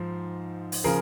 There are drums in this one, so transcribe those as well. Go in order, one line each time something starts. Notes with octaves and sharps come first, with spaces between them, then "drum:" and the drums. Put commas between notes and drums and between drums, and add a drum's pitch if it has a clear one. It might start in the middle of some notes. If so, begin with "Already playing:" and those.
Already playing: G#2 F3
drum: open hi-hat
C#3 F3 G#4 A#4